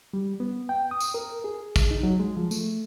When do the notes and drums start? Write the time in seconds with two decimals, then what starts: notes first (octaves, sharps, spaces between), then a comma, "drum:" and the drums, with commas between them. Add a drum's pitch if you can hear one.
0.14 G3
0.40 B3
0.69 G5
0.91 D#6
1.00 drum: tambourine
1.14 A#4
1.44 G#4
1.76 drum: kick, tambourine
1.91 D#4
2.03 F#3
2.20 G#3
2.37 F3
2.51 A3, drum: tambourine